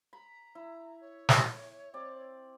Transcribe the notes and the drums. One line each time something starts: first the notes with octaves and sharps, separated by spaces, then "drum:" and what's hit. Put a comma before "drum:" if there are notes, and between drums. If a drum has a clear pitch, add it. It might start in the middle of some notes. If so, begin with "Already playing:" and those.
A#5 B5
E4
C#5
drum: snare
C4 D5